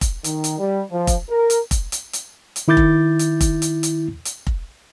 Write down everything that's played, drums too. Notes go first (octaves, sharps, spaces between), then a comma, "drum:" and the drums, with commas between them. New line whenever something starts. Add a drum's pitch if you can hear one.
drum: kick F1, hi-hat
D#3, drum: hi-hat
drum: hi-hat
G3
F3
drum: kick F1, hi-hat
A#4
drum: hi-hat
drum: kick F1, hi-hat
drum: hi-hat
drum: hi-hat
drum: hi-hat
D#3 E4 D6 G6 A6
drum: kick F1
drum: hi-hat
drum: kick F1, hi-hat
drum: hi-hat
drum: hi-hat
drum: hi-hat
drum: kick F1